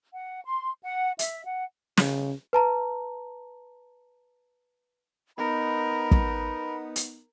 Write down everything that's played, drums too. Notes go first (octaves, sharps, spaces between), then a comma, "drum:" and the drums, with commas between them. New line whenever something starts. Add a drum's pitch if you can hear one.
F#5
C6
F#5
E5, drum: hi-hat
F#5
C#3, drum: snare
B4 A5 A#5
B3 D#4 A#4 B5
drum: kick
drum: hi-hat